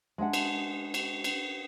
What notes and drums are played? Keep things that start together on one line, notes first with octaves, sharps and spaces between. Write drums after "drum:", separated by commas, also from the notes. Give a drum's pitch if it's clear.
G#3 D4 E5 F#5
drum: cymbal
drum: cymbal
drum: cymbal